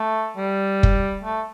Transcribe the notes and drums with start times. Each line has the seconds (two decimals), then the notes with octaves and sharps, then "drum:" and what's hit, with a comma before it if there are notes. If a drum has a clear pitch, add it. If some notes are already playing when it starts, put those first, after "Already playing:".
Already playing: A3
0.37 G3
0.83 drum: kick
1.24 A3